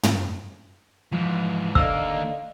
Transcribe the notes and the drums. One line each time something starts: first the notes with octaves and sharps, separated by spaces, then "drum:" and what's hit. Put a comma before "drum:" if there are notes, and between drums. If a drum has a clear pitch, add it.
drum: tom
G#2 E3 F3
D3 D#3 A#3 D5 D#5 F5 A5 E6, drum: kick